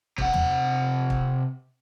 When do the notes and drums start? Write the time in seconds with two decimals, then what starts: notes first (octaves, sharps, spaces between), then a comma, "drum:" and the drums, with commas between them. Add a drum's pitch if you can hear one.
0.18 C3 F#5, drum: kick
0.33 drum: tom
1.10 drum: kick